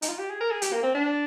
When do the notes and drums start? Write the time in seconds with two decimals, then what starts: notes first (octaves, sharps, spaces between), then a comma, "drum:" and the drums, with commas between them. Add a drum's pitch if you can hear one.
0.02 D#4, drum: hi-hat
0.08 F4
0.19 G4
0.30 G#4
0.41 A#4
0.51 G#4
0.62 G4, drum: hi-hat
0.73 A#3
0.83 C4
0.95 D4